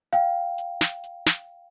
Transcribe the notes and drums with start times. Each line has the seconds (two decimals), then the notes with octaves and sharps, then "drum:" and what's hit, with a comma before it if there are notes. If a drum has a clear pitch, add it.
0.13 F5 G5, drum: hi-hat
0.58 drum: hi-hat
0.81 drum: snare
1.04 drum: hi-hat
1.26 drum: snare